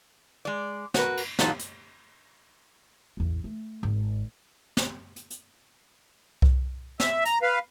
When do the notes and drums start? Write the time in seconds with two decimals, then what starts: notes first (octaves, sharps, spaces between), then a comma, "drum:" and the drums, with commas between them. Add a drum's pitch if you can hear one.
0.45 G#3 D5
0.94 F#4 A#4 B4, drum: snare
1.17 drum: cymbal
1.39 A#2 E3 F#3 D#4 F4 A4, drum: snare
1.59 drum: hi-hat
3.17 A1 E2
3.44 A3
3.83 G#1
4.77 drum: snare
5.16 drum: hi-hat
5.30 drum: hi-hat
6.42 drum: kick C2
7.00 E5, drum: snare
7.25 A#5, drum: hi-hat
7.42 B4 F5